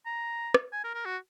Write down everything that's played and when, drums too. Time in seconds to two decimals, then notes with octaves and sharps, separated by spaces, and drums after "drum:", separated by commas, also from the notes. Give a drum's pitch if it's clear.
0.06 A#5
0.54 drum: rim click
0.72 G#5
0.84 A#4
0.94 A#4
1.05 F#4